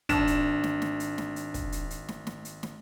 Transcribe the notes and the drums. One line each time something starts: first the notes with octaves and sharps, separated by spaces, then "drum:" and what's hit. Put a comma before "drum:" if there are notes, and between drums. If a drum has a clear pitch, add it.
G#1 D4 E7, drum: kick, hi-hat
drum: hi-hat
drum: snare
drum: snare
drum: hi-hat
drum: snare
drum: hi-hat
drum: kick, hi-hat
drum: hi-hat
drum: hi-hat
drum: snare
drum: snare
drum: hi-hat
drum: snare